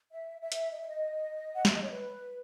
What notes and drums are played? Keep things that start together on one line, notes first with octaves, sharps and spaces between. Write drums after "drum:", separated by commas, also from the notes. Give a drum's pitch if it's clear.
E5
E5
drum: hi-hat
D#5
E5
D#5
F#5
E5, drum: snare
D#5
C#5
B4